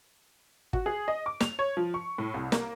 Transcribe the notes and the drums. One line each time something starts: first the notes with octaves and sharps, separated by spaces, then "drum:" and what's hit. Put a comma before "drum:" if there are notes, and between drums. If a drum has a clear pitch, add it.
F#4, drum: kick
G#4
D#5
D6
F7, drum: snare
C#5
F3
C#6
A2
C2
A#3, drum: snare